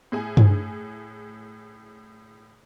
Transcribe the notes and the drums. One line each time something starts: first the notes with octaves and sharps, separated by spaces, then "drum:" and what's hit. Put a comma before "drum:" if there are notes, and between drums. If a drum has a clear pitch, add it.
A2 G#4 G#5
drum: tom G2